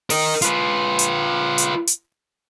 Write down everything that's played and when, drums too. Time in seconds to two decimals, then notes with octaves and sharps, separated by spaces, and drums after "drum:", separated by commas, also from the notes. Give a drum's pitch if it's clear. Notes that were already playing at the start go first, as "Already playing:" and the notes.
0.10 A#4 D#5, drum: open hi-hat
0.42 F4 B4, drum: hi-hat
0.99 drum: hi-hat
1.58 drum: hi-hat
1.87 drum: hi-hat